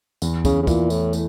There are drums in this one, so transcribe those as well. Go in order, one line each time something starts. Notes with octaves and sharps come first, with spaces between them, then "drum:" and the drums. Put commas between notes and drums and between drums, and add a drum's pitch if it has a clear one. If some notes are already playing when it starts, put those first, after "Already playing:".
E2, drum: tambourine
C#3, drum: kick, tambourine
C#3
A#2 E3, drum: kick, tambourine
A2, drum: tambourine
A3, drum: tambourine